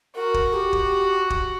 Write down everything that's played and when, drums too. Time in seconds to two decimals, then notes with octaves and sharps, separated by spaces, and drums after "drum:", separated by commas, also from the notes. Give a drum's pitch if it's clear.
0.15 F#4 A#4
0.34 drum: kick
0.54 G4
0.73 drum: kick
1.30 drum: kick